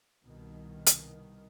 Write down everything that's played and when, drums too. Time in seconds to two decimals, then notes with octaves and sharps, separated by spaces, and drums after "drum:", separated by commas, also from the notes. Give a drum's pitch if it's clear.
0.23 C2 B2 D#3
0.86 drum: hi-hat